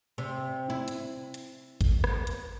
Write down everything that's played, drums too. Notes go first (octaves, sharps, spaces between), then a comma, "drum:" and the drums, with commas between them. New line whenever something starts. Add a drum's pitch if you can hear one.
C3
E4
drum: hi-hat
drum: hi-hat
drum: kick G#1, hi-hat
drum: rim click
drum: hi-hat